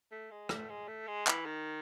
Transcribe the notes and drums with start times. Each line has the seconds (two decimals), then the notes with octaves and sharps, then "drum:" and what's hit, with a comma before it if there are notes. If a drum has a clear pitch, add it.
0.12 A3
0.31 G#3
0.49 A3, drum: rim click
0.69 G#3
0.88 A3
1.07 G#3
1.27 E3, drum: clap
1.46 D#3